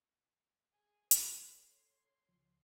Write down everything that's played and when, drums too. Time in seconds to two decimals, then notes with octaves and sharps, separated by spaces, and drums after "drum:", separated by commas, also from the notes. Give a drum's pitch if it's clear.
0.72 G#4
1.11 A4 C#5 C6, drum: hi-hat
2.29 C#2 F3